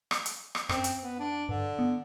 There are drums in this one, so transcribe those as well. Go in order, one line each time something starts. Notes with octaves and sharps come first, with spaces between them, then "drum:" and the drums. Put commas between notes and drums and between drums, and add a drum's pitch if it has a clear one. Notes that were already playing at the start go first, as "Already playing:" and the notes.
drum: rim click
drum: hi-hat
drum: rim click
F#2 C4, drum: rim click
drum: hi-hat
B3
D4
G2 D3
B3